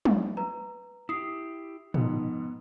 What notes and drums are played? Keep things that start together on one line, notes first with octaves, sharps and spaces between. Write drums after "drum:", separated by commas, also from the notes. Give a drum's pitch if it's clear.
drum: tom
B4 A#5
E4 G4 D#6 C7
F2 G#2 B3, drum: tom